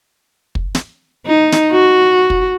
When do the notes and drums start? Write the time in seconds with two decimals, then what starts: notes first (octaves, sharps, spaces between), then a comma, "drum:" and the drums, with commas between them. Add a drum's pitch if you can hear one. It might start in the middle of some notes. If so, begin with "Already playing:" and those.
0.55 drum: kick
0.75 drum: snare
1.26 D#4
1.52 drum: snare
1.72 F#4
2.30 drum: kick